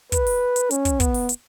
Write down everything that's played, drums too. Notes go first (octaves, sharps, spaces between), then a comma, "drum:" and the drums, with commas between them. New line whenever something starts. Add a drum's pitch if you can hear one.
B4, drum: kick, hi-hat
drum: open hi-hat
drum: hi-hat
C#4, drum: hi-hat
drum: kick, hi-hat
B3, drum: kick, hi-hat
drum: open hi-hat
drum: hi-hat